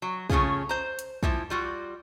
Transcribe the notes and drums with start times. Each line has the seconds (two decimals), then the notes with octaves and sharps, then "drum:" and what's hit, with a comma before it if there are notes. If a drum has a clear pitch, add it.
0.02 F#3
0.30 C#3 A3 C#4 F4 G#4, drum: kick
0.69 C5 A#5
0.99 drum: hi-hat
1.23 E3 F3 E4, drum: kick
1.50 G3 F4 F#4